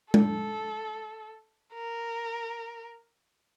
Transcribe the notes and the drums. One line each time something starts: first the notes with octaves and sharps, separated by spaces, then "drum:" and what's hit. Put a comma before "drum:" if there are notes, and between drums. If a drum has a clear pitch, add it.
A4, drum: tom G#3
A#4